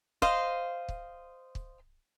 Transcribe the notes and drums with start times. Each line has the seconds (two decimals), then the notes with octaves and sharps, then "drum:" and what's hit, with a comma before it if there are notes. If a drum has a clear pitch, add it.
0.22 C5 D#5 F5, drum: kick
0.89 drum: kick
1.55 drum: kick